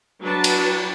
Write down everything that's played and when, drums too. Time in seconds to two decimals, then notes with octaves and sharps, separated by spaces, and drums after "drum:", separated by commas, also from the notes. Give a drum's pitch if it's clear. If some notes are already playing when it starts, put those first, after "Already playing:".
0.22 F#3 D4 B4 A5
0.44 drum: cymbal